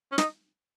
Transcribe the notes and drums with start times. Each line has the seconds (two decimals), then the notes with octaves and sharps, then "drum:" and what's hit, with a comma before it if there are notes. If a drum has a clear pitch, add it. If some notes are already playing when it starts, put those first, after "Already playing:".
0.12 C#4
0.18 D#4, drum: snare